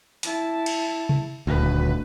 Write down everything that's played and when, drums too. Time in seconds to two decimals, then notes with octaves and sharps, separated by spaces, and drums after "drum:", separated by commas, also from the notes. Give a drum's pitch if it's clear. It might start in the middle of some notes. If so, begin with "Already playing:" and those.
0.23 E4 A5, drum: hi-hat
0.66 drum: cymbal
1.09 drum: tom C3
1.47 D#1 D2 B4